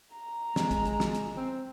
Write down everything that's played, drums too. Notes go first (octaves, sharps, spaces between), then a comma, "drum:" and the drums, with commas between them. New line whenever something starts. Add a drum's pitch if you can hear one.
A#5
G#3, drum: snare
drum: kick, hi-hat
drum: hi-hat
drum: snare
drum: hi-hat
C4